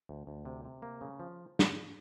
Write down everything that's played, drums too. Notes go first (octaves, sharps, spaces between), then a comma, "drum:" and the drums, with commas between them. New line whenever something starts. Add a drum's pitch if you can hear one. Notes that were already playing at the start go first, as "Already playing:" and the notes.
D2
D2
C3
C3
A#3
C#3
F3
drum: snare